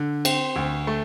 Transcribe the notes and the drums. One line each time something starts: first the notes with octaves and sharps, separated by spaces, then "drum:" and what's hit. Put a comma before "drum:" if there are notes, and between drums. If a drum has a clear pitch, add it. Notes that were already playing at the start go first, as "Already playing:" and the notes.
Already playing: D3
C4, drum: cymbal
D2
A3